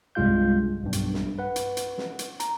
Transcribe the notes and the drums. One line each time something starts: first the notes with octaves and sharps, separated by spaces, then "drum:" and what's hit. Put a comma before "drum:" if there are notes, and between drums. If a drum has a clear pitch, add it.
C2 G2 G#3 F4 F5 G6
B1 G2
drum: hi-hat
drum: snare
B4 F#5
drum: hi-hat
drum: hi-hat
drum: snare
drum: hi-hat
A#5, drum: hi-hat